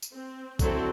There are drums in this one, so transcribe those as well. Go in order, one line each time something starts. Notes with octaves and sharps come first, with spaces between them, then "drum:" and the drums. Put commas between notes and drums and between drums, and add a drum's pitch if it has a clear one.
drum: tambourine
C4
D3 F#3 C4 E4 F#4 A4, drum: kick, tambourine